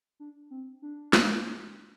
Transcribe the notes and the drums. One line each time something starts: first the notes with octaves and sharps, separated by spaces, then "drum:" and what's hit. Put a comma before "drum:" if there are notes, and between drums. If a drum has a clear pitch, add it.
D4
C4
D4
drum: snare